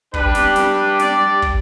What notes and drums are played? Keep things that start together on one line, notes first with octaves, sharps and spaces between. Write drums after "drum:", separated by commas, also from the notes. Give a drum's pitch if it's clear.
G3 D4 G4 B4, drum: kick
drum: snare
B4, drum: snare
D5, drum: snare
drum: kick